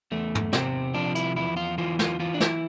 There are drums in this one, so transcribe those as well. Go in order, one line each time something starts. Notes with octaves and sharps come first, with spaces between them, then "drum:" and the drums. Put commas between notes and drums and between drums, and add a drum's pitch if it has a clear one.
E2 A3
drum: tom
C3 C4, drum: snare
F3 D4
E4, drum: hi-hat
E2 E4
F4
E3 F4
F4, drum: snare
E3 F4
D4
E4, drum: snare